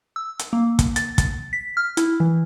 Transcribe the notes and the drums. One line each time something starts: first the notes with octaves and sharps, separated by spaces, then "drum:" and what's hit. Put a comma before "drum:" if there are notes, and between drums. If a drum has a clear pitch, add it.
E6
drum: hi-hat
A#3
drum: kick, hi-hat
A6, drum: hi-hat
drum: kick, hi-hat
B6
F6
E4, drum: hi-hat
E3